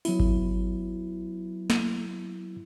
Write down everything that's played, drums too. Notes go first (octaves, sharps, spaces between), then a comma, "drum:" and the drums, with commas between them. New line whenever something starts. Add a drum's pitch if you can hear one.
F#3 B3 E4, drum: open hi-hat
drum: kick G#1
drum: snare